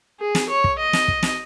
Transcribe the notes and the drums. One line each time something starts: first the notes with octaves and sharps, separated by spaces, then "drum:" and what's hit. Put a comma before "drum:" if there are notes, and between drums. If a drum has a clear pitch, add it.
G#4
drum: snare
C#5
drum: kick
D#5
drum: snare
drum: kick
drum: snare